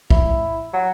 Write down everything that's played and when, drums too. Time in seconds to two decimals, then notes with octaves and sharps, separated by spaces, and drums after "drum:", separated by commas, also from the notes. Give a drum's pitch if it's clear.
0.10 E4, drum: kick
0.74 F#3